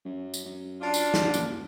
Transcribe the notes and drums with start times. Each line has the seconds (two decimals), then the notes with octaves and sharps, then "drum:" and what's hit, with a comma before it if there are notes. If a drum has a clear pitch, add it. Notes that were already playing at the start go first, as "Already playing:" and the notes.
0.05 F#2
0.34 drum: tambourine
0.45 F#2
0.81 D4 F4
0.94 drum: tambourine
1.14 drum: snare
1.34 F#1, drum: tambourine